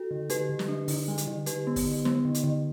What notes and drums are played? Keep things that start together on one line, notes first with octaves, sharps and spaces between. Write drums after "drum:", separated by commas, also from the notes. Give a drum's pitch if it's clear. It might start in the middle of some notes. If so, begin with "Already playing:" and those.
Already playing: F#4 A4
D3
D3 G4 B4, drum: hi-hat
D3
drum: snare
D4
D3, drum: open hi-hat
G3
drum: hi-hat
D3
D3 G4 B4, drum: hi-hat
B3
drum: kick, open hi-hat
D3
B3, drum: snare
D3
drum: hi-hat
D3